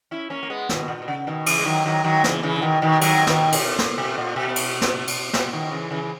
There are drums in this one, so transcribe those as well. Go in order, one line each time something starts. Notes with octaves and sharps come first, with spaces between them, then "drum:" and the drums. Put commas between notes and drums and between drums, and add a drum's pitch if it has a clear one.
C#4 E4
A#3 C#4
A#3
G#3 B3
B2 D#3, drum: snare
A#2
B2
C#3
B2 D#3
C#3 E3, drum: cymbal
G#3
D#3 F#3
D#3 F#3
D#3 F#3
C#3 E3, drum: snare
C#3 E3
C#3
B2 D#3
B2 D#3
D#3 F#3, drum: cymbal
B2 D#3, drum: snare
B2, drum: cymbal
drum: snare
B2
A#2
B2
drum: cymbal
drum: snare
drum: cymbal
B2, drum: snare
B2 D#3
C#3 E3
C#3 E3
E3